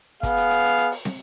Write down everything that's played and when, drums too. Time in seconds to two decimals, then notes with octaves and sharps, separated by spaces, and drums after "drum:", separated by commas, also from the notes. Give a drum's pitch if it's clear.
0.23 B3 G#4 F5, drum: kick, hi-hat
0.37 drum: hi-hat
0.51 drum: hi-hat
0.64 drum: hi-hat
0.78 drum: hi-hat
0.92 drum: open hi-hat
1.05 drum: snare